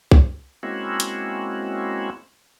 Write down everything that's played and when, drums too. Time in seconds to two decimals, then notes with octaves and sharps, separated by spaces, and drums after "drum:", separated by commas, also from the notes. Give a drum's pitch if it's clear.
0.11 drum: kick
0.63 G#3 A#3 C4 C#4 E4 F#4
1.00 drum: hi-hat